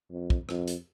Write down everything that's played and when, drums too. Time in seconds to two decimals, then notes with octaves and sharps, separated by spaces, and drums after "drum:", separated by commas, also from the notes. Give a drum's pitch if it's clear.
0.11 F2
0.30 drum: kick
0.49 F2, drum: rim click
0.68 drum: hi-hat